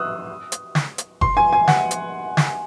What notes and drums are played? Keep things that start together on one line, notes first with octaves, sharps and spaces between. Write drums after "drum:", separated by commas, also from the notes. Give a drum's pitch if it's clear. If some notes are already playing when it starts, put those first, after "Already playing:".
Already playing: D#6 E6 F#6
drum: hi-hat
drum: snare
drum: hi-hat
C6, drum: kick F#1
G#5
G#5
F#5, drum: snare
drum: hi-hat
drum: snare